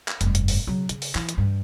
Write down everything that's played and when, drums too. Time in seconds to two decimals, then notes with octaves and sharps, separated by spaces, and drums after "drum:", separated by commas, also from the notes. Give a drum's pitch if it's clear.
0.08 drum: clap
0.21 F1 G2, drum: hi-hat
0.35 drum: hi-hat
0.48 drum: open hi-hat
0.67 C#3 F#3
0.89 C#3, drum: hi-hat
1.02 drum: open hi-hat
1.15 E3, drum: clap
1.29 drum: hi-hat
1.38 G2